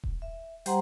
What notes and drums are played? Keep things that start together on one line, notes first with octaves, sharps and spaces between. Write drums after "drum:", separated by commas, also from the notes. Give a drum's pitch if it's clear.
drum: kick D#1
E5
G3 G4 C5 F#5 A#5 C6, drum: hi-hat